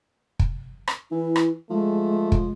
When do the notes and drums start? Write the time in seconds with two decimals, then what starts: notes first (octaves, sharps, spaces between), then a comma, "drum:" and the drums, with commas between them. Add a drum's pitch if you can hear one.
0.39 drum: kick
0.88 drum: rim click
1.12 E3 E4
1.36 drum: rim click
1.70 F3 G#3 A3
2.32 drum: kick